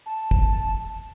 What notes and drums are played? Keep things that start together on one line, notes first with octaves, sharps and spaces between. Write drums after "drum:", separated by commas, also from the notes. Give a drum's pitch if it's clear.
A5
drum: kick